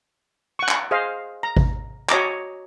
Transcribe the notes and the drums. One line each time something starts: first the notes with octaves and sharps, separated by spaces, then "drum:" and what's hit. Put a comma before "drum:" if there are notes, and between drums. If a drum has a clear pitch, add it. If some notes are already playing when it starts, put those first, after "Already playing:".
F#5 C#6
drum: clap
G#4 C5 D#5 F5
A#5
drum: kick G#1
F#4 C#5 D#5 A#5 D6, drum: clap